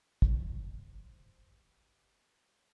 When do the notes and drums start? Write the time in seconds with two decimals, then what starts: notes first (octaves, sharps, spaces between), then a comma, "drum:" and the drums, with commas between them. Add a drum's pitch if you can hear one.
0.22 A3 C4 D4, drum: kick
0.78 F#2 C5
1.50 B3 G4
2.41 F#2 F#3 G#3